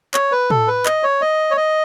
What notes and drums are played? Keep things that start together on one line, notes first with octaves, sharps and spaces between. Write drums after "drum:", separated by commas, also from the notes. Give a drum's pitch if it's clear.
C#5, drum: clap
B4
A4, drum: tom
B4
D#5, drum: clap
C#5
D#5
C#5
D#5